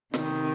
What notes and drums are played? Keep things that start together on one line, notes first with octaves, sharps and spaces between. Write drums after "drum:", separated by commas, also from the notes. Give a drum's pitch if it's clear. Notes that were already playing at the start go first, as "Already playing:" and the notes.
C3 D#3, drum: snare